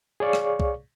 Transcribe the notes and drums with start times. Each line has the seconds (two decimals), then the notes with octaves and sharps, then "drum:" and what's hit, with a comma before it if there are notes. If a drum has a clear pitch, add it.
0.20 G#4 C#5 D5 F5 C#6
0.33 drum: rim click
0.60 drum: kick C2